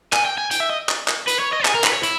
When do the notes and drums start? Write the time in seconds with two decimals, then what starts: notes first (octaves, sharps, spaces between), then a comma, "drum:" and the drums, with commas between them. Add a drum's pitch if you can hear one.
0.13 G#5, drum: clap
0.25 G5
0.38 G#5
0.51 G5, drum: hi-hat
0.60 E5
0.70 D#5
0.89 drum: clap
1.08 drum: clap
1.28 B4, drum: hi-hat
1.40 C#5
1.53 D#5
1.65 G#4, drum: clap
1.75 A#4
1.84 B4, drum: clap
1.93 C#5
2.03 E4, drum: hi-hat